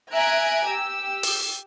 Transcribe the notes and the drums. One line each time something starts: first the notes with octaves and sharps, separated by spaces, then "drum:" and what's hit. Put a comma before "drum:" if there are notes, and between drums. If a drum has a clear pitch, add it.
E5 G#5 A#5 F#6 G#6 D7
G4 E6
drum: open hi-hat